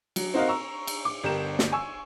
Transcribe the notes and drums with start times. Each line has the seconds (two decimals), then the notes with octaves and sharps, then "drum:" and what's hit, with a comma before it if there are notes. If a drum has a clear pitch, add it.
0.16 F#3, drum: cymbal
0.34 C4 D#4 F#4 A#4 D#5 F5
0.48 A#5 C#6 E6
0.87 drum: cymbal
1.05 D6
1.23 G1 G4 A#4 E7
1.59 drum: snare
1.72 G#5 C#6 E6